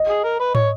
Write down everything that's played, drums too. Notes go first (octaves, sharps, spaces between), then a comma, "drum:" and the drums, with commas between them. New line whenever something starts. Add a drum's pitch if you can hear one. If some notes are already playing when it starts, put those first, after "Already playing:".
Already playing: D#5
G#4
A#4
B4
C#5, drum: tom